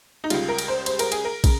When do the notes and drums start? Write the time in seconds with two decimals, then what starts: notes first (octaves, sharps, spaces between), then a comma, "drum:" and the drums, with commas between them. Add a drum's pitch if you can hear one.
0.24 D#4
0.30 C#2 C#3 G3 F4, drum: cymbal
0.49 A#4
0.58 drum: cymbal
0.68 C5
0.86 C5, drum: cymbal
0.99 A#4, drum: cymbal
1.12 G#4, drum: cymbal
1.25 A#4
1.44 C#3, drum: kick, cymbal